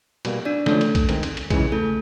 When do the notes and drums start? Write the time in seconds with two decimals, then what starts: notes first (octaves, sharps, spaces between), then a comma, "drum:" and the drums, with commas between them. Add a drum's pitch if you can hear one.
0.25 B2 G3 A#3, drum: cymbal
0.45 D4 D5
0.66 D3 F3 G#3 A3 C#4 A4, drum: snare
0.81 drum: cymbal
0.95 drum: kick, cymbal
1.09 D#3 G#3 C4, drum: cymbal
1.23 drum: cymbal
1.37 drum: cymbal
1.50 C#3 E3 G#3 G#4, drum: kick, cymbal
1.72 A3 A4